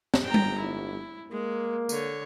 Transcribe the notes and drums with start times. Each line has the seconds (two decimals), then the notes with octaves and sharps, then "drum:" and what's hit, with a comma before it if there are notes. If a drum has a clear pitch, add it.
0.14 drum: snare
0.25 G1 G5 A#5
0.34 drum: tom G3
0.59 E4
1.32 G#3 A#3
1.89 D3 C#5, drum: tambourine